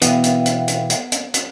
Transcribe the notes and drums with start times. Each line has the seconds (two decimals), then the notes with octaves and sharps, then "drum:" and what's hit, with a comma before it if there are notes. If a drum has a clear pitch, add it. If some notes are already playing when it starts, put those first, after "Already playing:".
0.02 B2 E3 B3 E5 F5 G5, drum: hi-hat
0.24 drum: hi-hat
0.46 drum: hi-hat
0.68 drum: hi-hat
0.90 drum: hi-hat
1.12 drum: hi-hat
1.34 drum: hi-hat